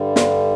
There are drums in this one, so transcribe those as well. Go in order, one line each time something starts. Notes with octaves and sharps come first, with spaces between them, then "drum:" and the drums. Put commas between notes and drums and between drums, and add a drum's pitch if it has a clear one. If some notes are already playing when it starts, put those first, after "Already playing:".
Already playing: G2 D3 G3
C5, drum: snare